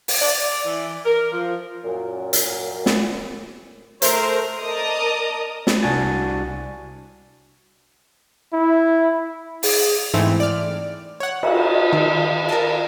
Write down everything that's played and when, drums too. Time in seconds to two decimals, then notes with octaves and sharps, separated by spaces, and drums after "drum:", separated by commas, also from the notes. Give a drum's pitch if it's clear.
0.08 drum: open hi-hat
0.19 D5
0.64 E3
1.05 A#4
1.32 F3
1.83 F#2 A#2
2.33 drum: hi-hat
2.86 drum: snare
4.02 A3 A#4 C5, drum: hi-hat
4.62 A#4 D5 D#5 A5 A#5 D#6
5.67 drum: snare
5.83 C2 D4 F#4 G#5 A6
8.53 E4
9.63 G#4, drum: open hi-hat
10.14 G#2 E3 A3 C4
10.40 D5 F6
11.20 C#5 F#5
11.43 drum: cymbal
11.93 D#3
12.49 A#4 A5